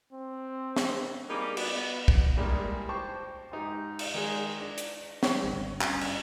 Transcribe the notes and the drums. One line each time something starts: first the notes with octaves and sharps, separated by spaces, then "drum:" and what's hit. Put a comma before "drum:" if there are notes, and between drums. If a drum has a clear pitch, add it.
C4
drum: snare
G3 A#3 D#4 G4 G#4
G3 B3 D4 F#4, drum: cymbal
B3
drum: kick
A1 G3 G#3 A#3 D4 G#4
C5 G5 A5 C#6 D6
G#2 D#4 G4
drum: cymbal
D#3 G#3 G#4
D4
drum: hi-hat
G3, drum: snare
G#1 D2
G2 C#4, drum: clap
drum: cymbal